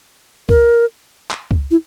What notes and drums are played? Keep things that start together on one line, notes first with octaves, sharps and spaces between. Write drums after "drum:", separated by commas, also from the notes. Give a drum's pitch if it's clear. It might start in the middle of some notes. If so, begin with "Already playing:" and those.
A#4, drum: kick C#2
drum: clap
drum: kick C#2
E4